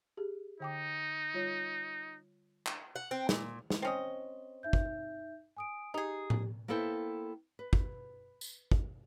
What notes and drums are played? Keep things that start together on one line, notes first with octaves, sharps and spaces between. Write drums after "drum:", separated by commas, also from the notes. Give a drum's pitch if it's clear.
G4 G#4
D3 D#4 G5 D6
G3 F4 C#5
drum: clap
F#5
C4
A#2, drum: snare
drum: snare
C4 C#4 C5 D#5
D#4 E5 G6
drum: kick
G#5 D#6 D7
D#4 G4 G#4
drum: tom A2
A#3 B3 E4 A4 C5 G5
B4
drum: kick
drum: tambourine
drum: kick